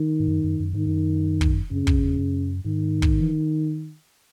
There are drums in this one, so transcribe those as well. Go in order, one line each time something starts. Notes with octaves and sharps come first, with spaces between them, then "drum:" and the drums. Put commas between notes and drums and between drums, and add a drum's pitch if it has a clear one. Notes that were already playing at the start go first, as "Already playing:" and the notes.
Already playing: D#3
G#2
F#2
F#2
F#2
G#2 D#3
F#2
drum: kick
F#2 C#3
F#2, drum: kick
E2
F#2
G#2 D#3
drum: kick
E3